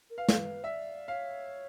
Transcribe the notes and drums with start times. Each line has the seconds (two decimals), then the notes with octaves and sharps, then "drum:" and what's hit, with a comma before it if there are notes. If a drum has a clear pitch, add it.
0.10 A#4
0.17 B4 F5
0.28 drum: snare
0.64 D5 E5
1.08 C#5 F5